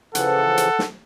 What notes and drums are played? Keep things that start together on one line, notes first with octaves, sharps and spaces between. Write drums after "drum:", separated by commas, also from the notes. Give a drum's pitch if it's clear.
C#3 E3 F3 A4 F#5, drum: hi-hat
drum: hi-hat
drum: snare